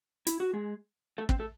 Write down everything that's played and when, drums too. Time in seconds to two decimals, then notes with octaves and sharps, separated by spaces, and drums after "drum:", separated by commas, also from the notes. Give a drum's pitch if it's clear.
0.27 E4, drum: hi-hat
0.40 F#4
0.53 G#3 G#4
1.18 A3 A4
1.29 C4 C5, drum: kick
1.39 A3 A4